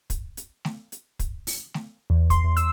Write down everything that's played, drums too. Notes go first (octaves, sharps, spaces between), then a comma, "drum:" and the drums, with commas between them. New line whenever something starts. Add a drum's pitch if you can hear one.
drum: kick, hi-hat
drum: hi-hat
drum: snare A3
drum: hi-hat
drum: kick, hi-hat
drum: open hi-hat
drum: snare A3
E2
C6, drum: kick, hi-hat
E2
E6, drum: hi-hat